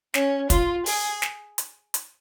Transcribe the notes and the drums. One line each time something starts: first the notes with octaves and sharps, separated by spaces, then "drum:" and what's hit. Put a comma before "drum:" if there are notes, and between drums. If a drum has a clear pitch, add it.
C#4, drum: snare
F4, drum: kick, hi-hat
G#4, drum: open hi-hat
drum: snare
drum: hi-hat
drum: hi-hat